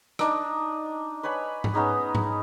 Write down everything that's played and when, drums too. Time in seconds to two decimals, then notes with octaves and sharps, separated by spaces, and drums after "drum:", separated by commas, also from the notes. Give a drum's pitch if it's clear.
0.19 D4 D#4 D#5, drum: rim click
1.23 B4 C#5 G#5 B5
1.64 drum: tom G#2
1.74 B3 C#4 D#4 G#4
2.15 drum: tom G#2